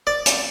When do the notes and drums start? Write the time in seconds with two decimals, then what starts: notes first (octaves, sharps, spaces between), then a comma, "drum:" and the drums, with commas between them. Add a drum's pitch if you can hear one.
0.07 D5
0.26 drum: hi-hat